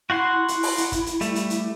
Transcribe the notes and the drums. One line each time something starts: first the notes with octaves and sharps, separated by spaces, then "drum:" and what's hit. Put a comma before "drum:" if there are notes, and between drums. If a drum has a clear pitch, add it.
E4 F#4 F#5 C6
drum: hi-hat
drum: open hi-hat
drum: hi-hat
drum: kick, hi-hat
drum: hi-hat
G3 A3, drum: hi-hat
drum: hi-hat
drum: hi-hat